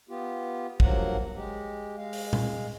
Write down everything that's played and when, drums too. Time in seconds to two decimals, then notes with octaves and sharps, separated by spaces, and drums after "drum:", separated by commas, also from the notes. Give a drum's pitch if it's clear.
0.09 B3 F4 G4
0.80 G2 F3 F#3 A#3 A#4 F#5, drum: kick
1.36 G#3 G4
1.97 G#3 F5
2.13 drum: open hi-hat
2.33 drum: tom A#2